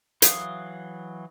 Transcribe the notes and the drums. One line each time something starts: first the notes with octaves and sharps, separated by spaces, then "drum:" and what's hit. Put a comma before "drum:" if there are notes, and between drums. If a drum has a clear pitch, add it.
E3 F#3 F5 D#6, drum: hi-hat